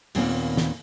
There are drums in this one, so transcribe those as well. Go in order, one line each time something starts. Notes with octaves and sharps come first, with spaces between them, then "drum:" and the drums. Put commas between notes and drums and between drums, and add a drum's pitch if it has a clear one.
D#2 A#2 D#3 B3 C4, drum: open hi-hat
drum: snare